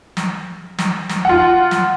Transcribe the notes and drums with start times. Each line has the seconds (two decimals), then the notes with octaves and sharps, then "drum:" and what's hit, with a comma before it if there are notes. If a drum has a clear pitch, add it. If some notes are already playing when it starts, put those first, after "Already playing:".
0.17 drum: snare
0.78 drum: snare
1.09 drum: snare
1.25 F4 F#5
1.71 drum: snare